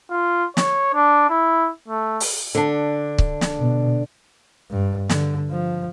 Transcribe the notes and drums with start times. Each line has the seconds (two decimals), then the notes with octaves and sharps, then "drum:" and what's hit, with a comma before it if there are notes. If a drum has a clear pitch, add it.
0.10 F4
0.57 C#5, drum: snare
0.94 D4
1.30 E4
1.88 A3
2.20 drum: open hi-hat
2.55 D3 D4
3.18 drum: kick C#1
3.41 drum: snare
3.59 B2
4.71 G2
5.09 D3, drum: snare
5.51 F3